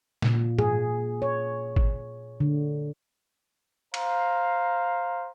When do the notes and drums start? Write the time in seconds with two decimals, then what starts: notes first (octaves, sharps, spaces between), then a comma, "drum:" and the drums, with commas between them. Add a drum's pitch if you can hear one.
0.22 A#2, drum: snare
0.59 G#4, drum: tom G#2
1.22 C#5
1.76 drum: kick G#1
2.40 D3
3.94 C5 F5 A#5, drum: cymbal